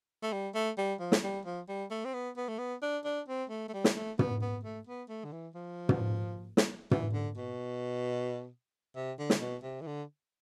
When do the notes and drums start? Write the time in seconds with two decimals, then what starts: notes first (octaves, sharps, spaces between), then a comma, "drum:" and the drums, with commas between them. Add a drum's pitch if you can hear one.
0.23 A3
0.33 G3
0.54 A3
0.78 G3
1.00 F3
1.12 drum: snare
1.24 G3
1.45 F3
1.69 G3
1.91 A3
2.05 C4
2.14 B3
2.37 B3
2.48 A3
2.59 B3
2.82 D4
3.05 D4
3.28 C4
3.50 A3
3.69 A3
3.73 G3
3.84 drum: snare
3.96 A3
4.19 B3, drum: tom
4.42 B3
4.64 A3
4.87 B3
5.09 A3
5.25 D3
5.32 E3
5.55 F3
5.89 drum: tom
6.57 drum: snare
6.91 E3, drum: tom
7.13 D3
7.37 B2
8.96 C3
9.19 D3
9.30 drum: snare
9.40 B2
9.63 C3
9.81 E3
9.87 D3